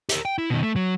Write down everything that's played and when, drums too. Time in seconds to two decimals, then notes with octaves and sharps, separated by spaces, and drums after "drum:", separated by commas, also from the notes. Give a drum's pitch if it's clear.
0.09 G4 A#4, drum: hi-hat
0.25 G5
0.38 E4
0.50 B2 D#3
0.63 A3
0.76 F#3